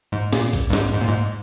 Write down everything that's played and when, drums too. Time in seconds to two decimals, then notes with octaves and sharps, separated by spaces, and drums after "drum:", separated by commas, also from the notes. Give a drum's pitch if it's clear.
0.12 G#2
0.33 A#2, drum: snare
0.53 drum: kick A#1, hi-hat
0.70 G2
0.73 G#2, drum: snare
0.94 G#2
1.01 A#2
1.08 G#2